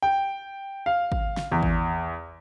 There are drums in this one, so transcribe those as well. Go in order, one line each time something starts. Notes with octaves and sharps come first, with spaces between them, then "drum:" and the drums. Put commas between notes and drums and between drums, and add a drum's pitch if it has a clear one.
G5
F5
drum: kick
drum: snare
E2
drum: kick